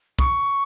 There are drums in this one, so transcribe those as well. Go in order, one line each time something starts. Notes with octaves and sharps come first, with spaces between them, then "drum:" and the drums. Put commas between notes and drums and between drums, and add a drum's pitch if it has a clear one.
C#6, drum: kick